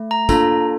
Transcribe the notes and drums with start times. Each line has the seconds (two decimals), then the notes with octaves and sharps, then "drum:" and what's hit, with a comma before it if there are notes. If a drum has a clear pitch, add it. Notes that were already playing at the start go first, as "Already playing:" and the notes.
Already playing: A3
0.11 A#5
0.29 A#3 D4 F4 A4 A#5, drum: kick, tambourine